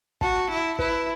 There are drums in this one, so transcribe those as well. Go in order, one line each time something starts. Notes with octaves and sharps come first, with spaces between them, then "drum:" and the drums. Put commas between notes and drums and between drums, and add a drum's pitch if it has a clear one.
F#4 A5, drum: kick
E4
E4 B4, drum: kick